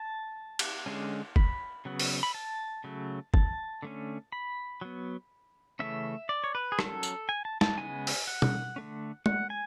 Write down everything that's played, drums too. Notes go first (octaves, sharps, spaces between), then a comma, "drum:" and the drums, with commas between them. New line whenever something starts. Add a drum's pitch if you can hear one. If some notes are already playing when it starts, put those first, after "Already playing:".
Already playing: A5
drum: cymbal
D3 G#3 C#4
B5, drum: kick
C#3 F#3 B3
drum: open hi-hat
B5
A5
C#3 F#3 A3
A5, drum: kick
D3 A3 C#4
B5
F#3 B3
C#3 E3 A3 C#4 E5
D5
C#5
B4
G#4
F#3 C#4 A4, drum: rim click
drum: tambourine
G#5
A5
A5, drum: snare
C#3 G#3 B3 G#5
drum: open hi-hat
F#5
drum: tom B2
D3 A3 C#4
F#5, drum: tom G#3
G#5